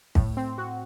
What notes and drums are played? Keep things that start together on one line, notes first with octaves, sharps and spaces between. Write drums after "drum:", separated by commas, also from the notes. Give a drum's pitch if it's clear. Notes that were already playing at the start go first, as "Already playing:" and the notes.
A2, drum: kick
C4
F#4